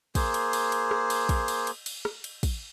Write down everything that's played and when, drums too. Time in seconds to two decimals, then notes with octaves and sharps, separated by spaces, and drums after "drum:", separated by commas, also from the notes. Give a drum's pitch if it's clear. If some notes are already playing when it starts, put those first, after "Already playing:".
0.15 A#3 G#4 C5, drum: kick, cymbal
0.34 drum: cymbal
0.53 drum: cymbal
0.72 drum: cymbal
0.91 drum: rim click
1.10 drum: cymbal
1.29 drum: kick, cymbal
1.48 drum: cymbal
1.67 drum: cymbal
1.86 drum: cymbal
2.05 drum: rim click
2.24 drum: cymbal
2.43 drum: kick, cymbal